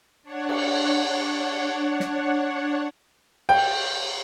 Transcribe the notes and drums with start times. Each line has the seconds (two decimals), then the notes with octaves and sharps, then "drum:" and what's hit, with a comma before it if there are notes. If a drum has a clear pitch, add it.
0.23 D4 C#5 F#5
0.49 drum: cymbal
2.00 drum: snare
3.49 G5, drum: cymbal